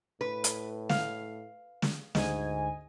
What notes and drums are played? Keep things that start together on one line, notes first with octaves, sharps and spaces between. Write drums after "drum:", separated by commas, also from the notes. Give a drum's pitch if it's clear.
A2 B4
drum: hi-hat
F5, drum: snare
drum: snare
D2 G#2 D#5 G#5, drum: snare